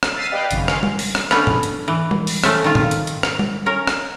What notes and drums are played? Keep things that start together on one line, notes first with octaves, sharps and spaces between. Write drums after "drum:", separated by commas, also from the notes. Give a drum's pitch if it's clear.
drum: rim click
E6 F6 A6 B6 C7 D#7
G4 B4 D5 D#5 F5 G5
G#1 F#2 C#3, drum: hi-hat
C#4 F5 C6, drum: rim click
drum: tom G3
drum: open hi-hat
drum: rim click
D3 A3 B3 C#4 B4, drum: rim click
drum: tom G#2
drum: hi-hat
E3
drum: tom G3
drum: open hi-hat
A3 C4 C#4 E5, drum: rim click
D#3 F4
drum: tom G#2
drum: hi-hat
drum: hi-hat
drum: rim click
drum: tom G3
C#4 A#4 C#5
drum: rim click